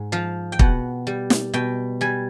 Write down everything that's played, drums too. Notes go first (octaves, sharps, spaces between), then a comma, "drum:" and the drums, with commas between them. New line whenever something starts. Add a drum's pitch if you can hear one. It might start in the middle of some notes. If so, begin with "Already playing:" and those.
Already playing: G#2
F3 F5
G5
B2 F#5, drum: kick
G3
drum: snare
B2 G5
G3 G#5